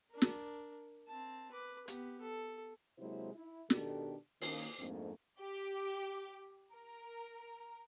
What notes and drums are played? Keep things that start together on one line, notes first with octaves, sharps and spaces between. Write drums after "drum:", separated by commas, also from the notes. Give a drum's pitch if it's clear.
D4 A#4
drum: snare
C4 A5
B4 D6
B3 G4, drum: hi-hat
A4
C3 F#3 G#3 A#3 E4 C5
E4
B2 D#3 D4 G4 A4, drum: snare
D#3 A#3 C#4, drum: open hi-hat
F2 G#2 A3 A#3 C4 D4
G4
A#4